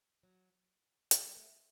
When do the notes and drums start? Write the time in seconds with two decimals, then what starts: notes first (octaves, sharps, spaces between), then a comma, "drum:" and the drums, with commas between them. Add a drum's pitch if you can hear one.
0.23 F#3
1.11 F#3, drum: hi-hat
1.24 G3
1.37 A3